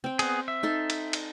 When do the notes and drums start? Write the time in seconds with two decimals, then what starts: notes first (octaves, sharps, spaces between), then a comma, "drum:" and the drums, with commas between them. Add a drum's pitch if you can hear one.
0.04 C4 G5
0.19 B3 G#4, drum: cymbal
0.48 E5
0.63 D#4 A4 C6
0.90 drum: cymbal
1.13 drum: cymbal